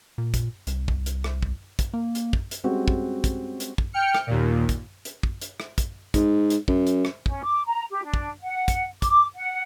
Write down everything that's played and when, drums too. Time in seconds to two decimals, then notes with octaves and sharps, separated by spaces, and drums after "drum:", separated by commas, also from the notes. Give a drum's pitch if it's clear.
0.18 A#2
0.34 drum: kick, hi-hat
0.67 C2, drum: hi-hat
0.88 drum: kick
1.06 drum: hi-hat
1.24 drum: rim click
1.43 drum: kick
1.79 drum: kick, hi-hat
1.93 A#3
2.15 drum: hi-hat
2.33 drum: kick
2.51 drum: hi-hat
2.64 G3 G#3 C4 C#4 F#4
2.88 drum: kick
3.24 drum: kick, hi-hat
3.60 drum: hi-hat
3.78 drum: kick
3.93 G5 F6 C#7
4.15 drum: rim click
4.27 D#2 A#2
4.69 drum: kick, hi-hat
5.05 drum: hi-hat
5.23 drum: kick
5.41 drum: hi-hat
5.60 drum: rim click
5.78 drum: kick, hi-hat
6.14 G#2, drum: kick, hi-hat
6.50 drum: hi-hat
6.68 F#2, drum: kick
6.87 drum: hi-hat
7.05 drum: rim click
7.26 C#4, drum: kick
7.43 D6
7.66 A#5
7.90 G4
8.04 D4
8.14 drum: kick
8.42 F#5
8.68 drum: kick, hi-hat
9.02 D6, drum: kick, hi-hat
9.34 F#5